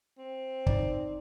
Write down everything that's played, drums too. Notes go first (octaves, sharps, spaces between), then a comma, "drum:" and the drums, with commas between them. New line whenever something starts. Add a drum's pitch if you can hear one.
C4
D#4 D5, drum: kick